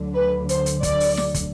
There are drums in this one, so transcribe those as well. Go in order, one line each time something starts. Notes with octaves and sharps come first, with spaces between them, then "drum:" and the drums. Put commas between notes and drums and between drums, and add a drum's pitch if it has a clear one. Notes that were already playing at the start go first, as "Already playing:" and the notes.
Already playing: D2 D3 F#3
B4
C5, drum: hi-hat
drum: hi-hat
D5, drum: kick, hi-hat
drum: open hi-hat
drum: snare
drum: kick, hi-hat